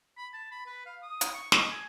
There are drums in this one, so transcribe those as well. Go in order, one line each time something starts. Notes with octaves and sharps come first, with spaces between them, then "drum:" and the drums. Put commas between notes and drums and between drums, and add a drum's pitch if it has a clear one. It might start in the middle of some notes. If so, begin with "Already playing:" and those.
B5
A5
B5
B4
F5
D#6
drum: hi-hat
C#6
D#5, drum: snare
G#5